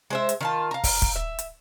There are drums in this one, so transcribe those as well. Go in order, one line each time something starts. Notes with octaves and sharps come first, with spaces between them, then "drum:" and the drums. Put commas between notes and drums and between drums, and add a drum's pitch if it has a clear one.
G#3 C5 E5
drum: hi-hat
D#3 F4 A5
F5 A#5
drum: kick, open hi-hat
drum: kick, hi-hat
E5
drum: hi-hat